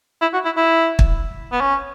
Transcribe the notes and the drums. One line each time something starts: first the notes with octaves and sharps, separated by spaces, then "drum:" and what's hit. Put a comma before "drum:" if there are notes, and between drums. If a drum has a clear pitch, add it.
E4
F#4
E4
E4
drum: kick
B3
C#4